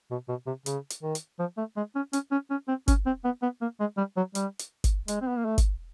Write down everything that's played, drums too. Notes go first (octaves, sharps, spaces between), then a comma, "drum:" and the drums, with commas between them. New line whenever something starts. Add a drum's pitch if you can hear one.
B2
B2
C3
C#3, drum: hi-hat
drum: hi-hat
D#3
drum: hi-hat
F3
A3
G#3
C#4
C#4, drum: hi-hat
C#4
C#4
C4
C#4, drum: kick G1, hi-hat
C4
B3
B3
A#3
G#3
G3
F#3
G3, drum: hi-hat
drum: hi-hat
drum: kick G1, hi-hat
G#3, drum: hi-hat
C4
B3
A#3
A3
drum: kick G1, hi-hat